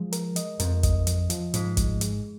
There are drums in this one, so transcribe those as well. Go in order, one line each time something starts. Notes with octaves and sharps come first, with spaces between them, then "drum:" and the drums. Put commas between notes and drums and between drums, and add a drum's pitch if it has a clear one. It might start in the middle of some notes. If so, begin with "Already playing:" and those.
Already playing: F3 G#3
A#4, drum: hi-hat
D#5, drum: hi-hat
F2 A#4, drum: hi-hat
D#5, drum: kick, hi-hat
F3, drum: hi-hat
F3, drum: hi-hat
G#2 F3, drum: hi-hat
G#3, drum: kick, hi-hat
G#3, drum: hi-hat